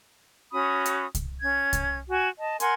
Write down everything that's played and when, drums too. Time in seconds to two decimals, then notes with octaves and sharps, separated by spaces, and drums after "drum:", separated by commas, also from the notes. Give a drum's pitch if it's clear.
0.52 C#4 F#4 B5 D#6
0.86 drum: hi-hat
1.15 drum: kick C2, hi-hat
1.40 C#4 G#6
1.73 drum: kick C2, hi-hat
2.09 F#4 G#5
2.38 D#5 A5
2.60 A#4 F#5 G#5 C6, drum: hi-hat